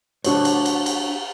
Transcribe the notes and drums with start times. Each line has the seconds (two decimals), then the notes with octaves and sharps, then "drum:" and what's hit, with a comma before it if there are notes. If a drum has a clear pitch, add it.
0.24 D4 F#4 C5 C#5, drum: cymbal
0.45 drum: cymbal
0.66 drum: cymbal
0.86 drum: cymbal